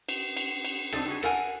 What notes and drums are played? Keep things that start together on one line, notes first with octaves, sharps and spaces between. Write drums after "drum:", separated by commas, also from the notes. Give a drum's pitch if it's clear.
drum: cymbal
drum: cymbal
drum: cymbal
C4 D4 D#4 A4, drum: rim click
G3 F#4 G#4
A4 A#4 F#5 G#5, drum: rim click